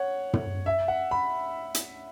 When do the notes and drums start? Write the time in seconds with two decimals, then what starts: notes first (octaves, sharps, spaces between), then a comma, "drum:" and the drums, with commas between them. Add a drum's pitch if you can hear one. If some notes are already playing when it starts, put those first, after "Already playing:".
Already playing: C#5 F#5
0.33 drum: tom
0.66 E5
0.88 F#5
1.11 B5
1.74 drum: hi-hat